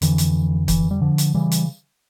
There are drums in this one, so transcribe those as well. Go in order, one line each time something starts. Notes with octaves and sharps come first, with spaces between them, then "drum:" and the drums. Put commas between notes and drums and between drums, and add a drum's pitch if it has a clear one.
F2 D3 E3, drum: hi-hat
drum: hi-hat
E3, drum: kick, hi-hat
G3
D3 F3
drum: hi-hat
C#3 E3 G3
drum: hi-hat